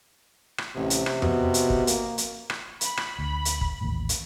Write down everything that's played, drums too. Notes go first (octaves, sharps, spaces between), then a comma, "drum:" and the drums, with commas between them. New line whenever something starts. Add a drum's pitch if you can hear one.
drum: rim click
A1 C3
drum: hi-hat
drum: rim click
B2, drum: tom F2
drum: hi-hat
drum: kick
A#3, drum: hi-hat
drum: hi-hat
drum: rim click
B5, drum: hi-hat
drum: rim click
D2
drum: hi-hat
drum: kick
A1 D#2 A2
drum: hi-hat